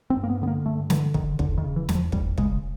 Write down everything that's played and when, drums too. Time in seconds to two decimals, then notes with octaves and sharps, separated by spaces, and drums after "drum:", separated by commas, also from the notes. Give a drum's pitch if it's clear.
0.10 C4
0.17 G2
0.23 A#3
0.30 B3
0.42 D3 B3
0.47 A#3
0.66 G2 A3
0.90 D3 E3, drum: snare
1.14 D3 D#3, drum: kick
1.39 E2 D3, drum: kick
1.58 D#3
1.64 C#3
1.76 E3
1.89 E2, drum: snare
1.95 F3
2.12 E2 G3, drum: kick
2.38 C#3 G#3, drum: kick